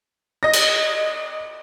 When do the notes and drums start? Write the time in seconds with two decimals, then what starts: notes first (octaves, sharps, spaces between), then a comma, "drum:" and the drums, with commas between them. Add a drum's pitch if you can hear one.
0.43 D#5 A#6
0.53 drum: cymbal